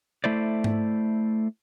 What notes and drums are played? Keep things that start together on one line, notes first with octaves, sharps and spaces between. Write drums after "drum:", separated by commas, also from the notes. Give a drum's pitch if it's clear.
A3 E4 C5 D5
drum: tom G#2